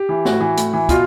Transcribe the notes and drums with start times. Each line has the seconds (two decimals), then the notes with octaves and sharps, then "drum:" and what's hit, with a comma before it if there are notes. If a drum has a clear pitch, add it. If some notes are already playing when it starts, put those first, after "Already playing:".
Already playing: G4
0.09 E3
0.25 A2 F#4, drum: snare
0.41 E3
0.57 A2, drum: hi-hat
0.73 E3
0.89 B2 F4, drum: kick, hi-hat